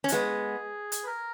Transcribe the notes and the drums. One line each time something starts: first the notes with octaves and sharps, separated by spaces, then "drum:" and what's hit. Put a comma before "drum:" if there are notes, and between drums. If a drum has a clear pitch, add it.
C#4
F#4, drum: hi-hat
G#3 B3 G#4
drum: hi-hat
B4
A#4